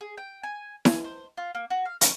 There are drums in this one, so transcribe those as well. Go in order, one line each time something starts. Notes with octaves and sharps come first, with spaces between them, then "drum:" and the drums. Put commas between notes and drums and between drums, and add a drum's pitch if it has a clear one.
G#4
G5
G#5
G#5, drum: snare E4
C5
F4
A#3
F#4
F5
C#4, drum: hi-hat